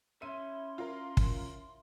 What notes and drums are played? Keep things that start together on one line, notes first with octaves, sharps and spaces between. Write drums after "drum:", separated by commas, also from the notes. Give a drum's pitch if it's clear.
C#4 E4 E5 C6 D#7
F4 A#4
drum: kick